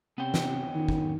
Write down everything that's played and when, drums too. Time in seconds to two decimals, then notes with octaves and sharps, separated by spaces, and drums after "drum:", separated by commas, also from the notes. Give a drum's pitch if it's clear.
0.18 C3 B3 C#4 G5
0.34 drum: snare
0.75 D#3
0.88 drum: kick